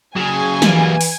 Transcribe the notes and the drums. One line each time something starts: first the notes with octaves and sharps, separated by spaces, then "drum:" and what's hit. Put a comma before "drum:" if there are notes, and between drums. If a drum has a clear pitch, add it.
C#3 F#3 G#4 G#5
E3 G3 A#3, drum: snare
drum: open hi-hat